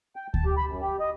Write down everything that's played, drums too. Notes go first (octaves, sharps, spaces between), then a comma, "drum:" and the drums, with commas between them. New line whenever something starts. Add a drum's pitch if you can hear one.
G5
A5, drum: kick D2
G4
B5
F#2
G4
D#5